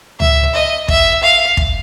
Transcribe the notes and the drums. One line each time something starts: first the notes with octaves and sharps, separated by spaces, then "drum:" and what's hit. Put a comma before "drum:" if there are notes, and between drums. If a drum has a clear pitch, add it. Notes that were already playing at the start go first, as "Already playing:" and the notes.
E5, drum: tom C#2
D#5
E5, drum: kick
F5
drum: kick